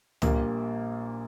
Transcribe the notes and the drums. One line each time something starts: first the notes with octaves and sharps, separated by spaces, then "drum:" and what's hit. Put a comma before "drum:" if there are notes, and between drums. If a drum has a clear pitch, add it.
A#1 A#2 G3 A#3, drum: tom